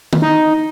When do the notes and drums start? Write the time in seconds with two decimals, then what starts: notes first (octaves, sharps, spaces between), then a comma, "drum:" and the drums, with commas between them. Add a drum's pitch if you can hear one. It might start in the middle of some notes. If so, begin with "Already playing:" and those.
0.13 drum: tom
0.22 D#4